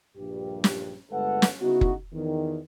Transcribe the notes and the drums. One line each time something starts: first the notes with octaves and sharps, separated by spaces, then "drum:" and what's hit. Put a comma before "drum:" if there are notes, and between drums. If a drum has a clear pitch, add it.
A#1 G2 G4
drum: snare
G1 G#3 A3 A4 B4 F#5
drum: snare
C#3 B3 D#4 E4 F#4
drum: kick
E2 D#3